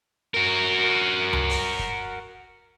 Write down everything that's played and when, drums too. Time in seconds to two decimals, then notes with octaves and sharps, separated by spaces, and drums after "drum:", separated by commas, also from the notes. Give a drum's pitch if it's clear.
0.34 F#4 A#4
1.33 drum: tom C#2
1.50 drum: open hi-hat
1.79 drum: kick